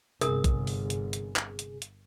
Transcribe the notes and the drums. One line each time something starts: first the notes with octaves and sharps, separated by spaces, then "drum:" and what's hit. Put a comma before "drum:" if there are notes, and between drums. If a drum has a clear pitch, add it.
G1 C3 G#4 A#4 D#6, drum: hi-hat
drum: kick A#1, hi-hat
drum: open hi-hat
drum: hi-hat
drum: hi-hat
drum: clap
drum: hi-hat
drum: hi-hat